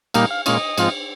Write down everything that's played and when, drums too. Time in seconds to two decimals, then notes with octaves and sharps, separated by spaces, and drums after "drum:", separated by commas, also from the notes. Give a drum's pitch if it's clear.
0.14 A#2 G3 A#3 D#4 F5, drum: cymbal
0.31 F5
0.46 A#2 G#3 C#4 F4 D#5, drum: cymbal
0.78 G#2 F3 C4 F4, drum: cymbal